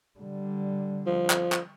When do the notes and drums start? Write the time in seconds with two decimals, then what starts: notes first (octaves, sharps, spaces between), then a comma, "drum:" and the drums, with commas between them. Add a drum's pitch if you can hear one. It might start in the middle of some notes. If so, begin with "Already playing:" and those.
0.19 D3 G3
1.07 F3
1.30 drum: clap
1.52 drum: clap